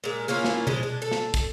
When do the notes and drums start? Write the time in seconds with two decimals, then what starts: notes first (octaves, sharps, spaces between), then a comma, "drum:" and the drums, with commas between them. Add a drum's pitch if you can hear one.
0.04 A#2 G#3
0.28 A#3 C#4 E4 F4
0.45 drum: snare
0.67 F3 G#3 D#5, drum: tom B2
0.83 D4
1.02 A4
1.11 drum: snare
1.34 drum: kick, hi-hat